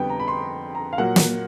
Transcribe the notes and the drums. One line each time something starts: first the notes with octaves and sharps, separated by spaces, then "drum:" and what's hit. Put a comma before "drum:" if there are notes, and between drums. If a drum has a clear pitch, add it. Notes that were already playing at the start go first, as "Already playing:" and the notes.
Already playing: F2 D3 G3 B3 G5
A#5
B5
C6
A#5
F5
A#2 F#3 A#3 F#5
drum: snare